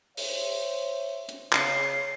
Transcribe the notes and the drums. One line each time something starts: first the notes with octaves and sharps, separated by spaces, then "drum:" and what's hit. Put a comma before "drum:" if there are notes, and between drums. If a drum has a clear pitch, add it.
C5 C#5 E5, drum: open hi-hat
drum: hi-hat
C#3 C7, drum: clap